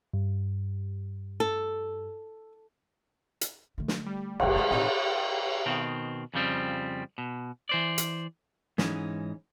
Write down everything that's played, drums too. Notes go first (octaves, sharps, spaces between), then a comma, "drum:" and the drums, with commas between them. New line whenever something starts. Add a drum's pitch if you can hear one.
G2
A4
drum: hi-hat
D3 A3
drum: snare
G3
F#1 C2, drum: cymbal
G#3 A3 B4 C5
A2 C#3 E3 C4 D#4
B2 D#3 C4
F2 C#3 F3 G3 C4
B2
E3 C5 D5
drum: hi-hat
G#2 E3 C#4 D#4, drum: snare